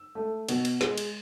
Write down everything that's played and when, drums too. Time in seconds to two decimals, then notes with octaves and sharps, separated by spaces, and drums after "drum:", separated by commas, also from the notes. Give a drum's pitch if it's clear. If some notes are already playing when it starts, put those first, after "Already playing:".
Already playing: E6
0.15 A3
0.49 B2, drum: cymbal
0.65 drum: cymbal
0.81 G#3, drum: snare
0.98 drum: cymbal